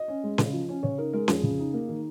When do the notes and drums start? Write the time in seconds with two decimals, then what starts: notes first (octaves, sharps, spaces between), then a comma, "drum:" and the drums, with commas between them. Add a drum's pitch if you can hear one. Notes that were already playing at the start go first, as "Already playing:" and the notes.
Already playing: D#5
0.08 C#4
0.24 G#3
0.38 C#3, drum: snare C#4
0.53 F3
0.68 C#4
0.83 C#3 C#5
0.98 D#4 A#4
1.13 G#3 A#4
1.28 F2 G#4, drum: snare C#4
1.43 C#3
1.59 D#4
1.74 A#3
1.89 D#3